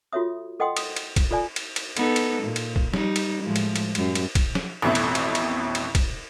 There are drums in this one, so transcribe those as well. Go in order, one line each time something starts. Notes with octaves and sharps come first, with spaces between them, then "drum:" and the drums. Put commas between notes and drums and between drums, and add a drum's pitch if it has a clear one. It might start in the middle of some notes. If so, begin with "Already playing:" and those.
F4 F#4 A4 C#5 E5 D#6
A4 D#5 F#5 G5 C6 D#6
D#6, drum: cymbal
drum: cymbal
drum: kick, cymbal
F4 A4 D5 G#5
drum: cymbal
drum: cymbal
B3 D#4 A4, drum: cymbal
drum: cymbal
A#2
drum: cymbal
drum: kick
G3 D#4, drum: snare
drum: cymbal
A2 F3 G#3
drum: cymbal
drum: cymbal
F#2 G3, drum: cymbal
drum: cymbal
drum: kick, cymbal
drum: snare
A1 F2 B2 E4
drum: cymbal
drum: cymbal
drum: cymbal
drum: cymbal
drum: kick, cymbal